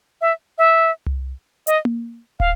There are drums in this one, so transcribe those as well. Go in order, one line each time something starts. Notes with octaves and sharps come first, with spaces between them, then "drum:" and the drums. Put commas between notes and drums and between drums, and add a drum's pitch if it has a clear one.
E5
E5
drum: tom C2
D#5, drum: hi-hat
drum: tom A#3
F5, drum: kick